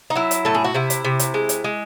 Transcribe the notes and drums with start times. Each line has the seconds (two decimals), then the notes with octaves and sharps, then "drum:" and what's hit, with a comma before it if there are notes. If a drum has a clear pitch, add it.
0.10 D#4
0.15 F#3 E4
0.31 drum: hi-hat
0.45 A2 A4
0.55 G#4
0.64 F#4
0.74 C3 E4
0.90 drum: hi-hat
1.05 C3
1.19 drum: hi-hat
1.34 G#3
1.49 drum: hi-hat
1.64 G#3